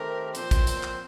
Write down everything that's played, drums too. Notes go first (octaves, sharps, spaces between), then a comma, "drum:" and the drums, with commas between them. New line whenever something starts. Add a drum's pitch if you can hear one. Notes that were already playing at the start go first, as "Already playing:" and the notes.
Already playing: D#3 A3 C4 G4 A#4
A#2 F3 C4 C5, drum: hi-hat
drum: kick, hi-hat
drum: hi-hat
drum: clap